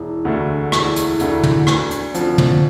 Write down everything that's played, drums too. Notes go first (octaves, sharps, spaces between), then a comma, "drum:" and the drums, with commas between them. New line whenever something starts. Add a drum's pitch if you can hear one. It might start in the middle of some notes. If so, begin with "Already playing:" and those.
Already playing: E1 E4
D2 D3 A3 D4
E1 E4, drum: rim click
drum: hi-hat
D2 D3 A3 E4, drum: hi-hat
drum: tom
D2 D4, drum: rim click
drum: hi-hat
D3 F3 C4, drum: hi-hat
drum: tom